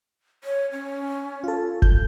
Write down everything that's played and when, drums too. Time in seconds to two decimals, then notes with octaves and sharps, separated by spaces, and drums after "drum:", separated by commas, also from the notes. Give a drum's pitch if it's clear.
0.44 C#5
0.72 C#4
1.44 F4 A4
1.82 G6, drum: kick F#1